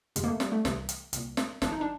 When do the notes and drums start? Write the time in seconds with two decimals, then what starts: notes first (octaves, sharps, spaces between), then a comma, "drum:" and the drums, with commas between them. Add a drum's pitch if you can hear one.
0.16 G1 F2 C3 G#3, drum: hi-hat
0.24 A#3
0.28 A3
0.40 G3, drum: snare
0.52 A3
0.65 C2 C3 E3, drum: snare
0.89 drum: hi-hat
1.13 C2 A#2, drum: hi-hat
1.37 drum: snare
1.62 G1 G2 E3 D4, drum: snare
1.72 D#4
1.81 D4